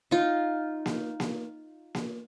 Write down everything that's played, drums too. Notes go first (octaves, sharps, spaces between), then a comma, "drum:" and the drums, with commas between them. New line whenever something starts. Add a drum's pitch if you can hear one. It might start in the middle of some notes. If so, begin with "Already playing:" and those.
D#4 F4
drum: snare A#3
drum: snare A#3
drum: snare A#3